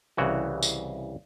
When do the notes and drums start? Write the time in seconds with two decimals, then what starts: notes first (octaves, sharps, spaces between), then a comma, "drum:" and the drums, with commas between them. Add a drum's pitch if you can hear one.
0.17 C2 C#3 E3 F#4
0.63 drum: tambourine